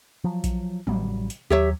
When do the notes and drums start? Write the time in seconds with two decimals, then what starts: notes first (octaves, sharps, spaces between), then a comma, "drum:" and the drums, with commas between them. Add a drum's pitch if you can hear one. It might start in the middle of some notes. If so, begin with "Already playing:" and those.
0.24 F3 F#3
0.44 drum: kick A#1, hi-hat
0.87 A1 F#3 G3, drum: tom
1.30 drum: hi-hat
1.50 D#2 F#3 G4 C#5 E5